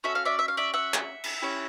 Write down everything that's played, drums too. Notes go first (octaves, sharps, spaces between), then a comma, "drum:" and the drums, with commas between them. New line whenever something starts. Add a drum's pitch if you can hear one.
C#4 F#4 A4 E5
F5
D5 E5
E5
F5
D5 E5
E5 F#5
drum: clap
drum: cymbal
C#4 E4 G4